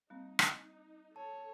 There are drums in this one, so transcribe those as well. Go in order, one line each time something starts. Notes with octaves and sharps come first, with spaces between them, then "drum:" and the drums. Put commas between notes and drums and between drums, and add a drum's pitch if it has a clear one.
G3 A#3 C4 D#4
drum: rim click
A4 C#5 A5